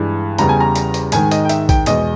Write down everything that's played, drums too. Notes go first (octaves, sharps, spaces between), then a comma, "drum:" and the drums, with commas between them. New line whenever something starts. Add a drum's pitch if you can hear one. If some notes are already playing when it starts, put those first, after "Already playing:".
Already playing: G2 E3 G#3
E2 C#3 E3 G3 A#5, drum: hi-hat
G#5
A#5
drum: hi-hat
drum: hi-hat
G#2 D#3 G#3 G#5, drum: hi-hat
D#5, drum: hi-hat
G5
E5, drum: hi-hat
G5, drum: kick, hi-hat
E2 B2 G#3 D#5, drum: hi-hat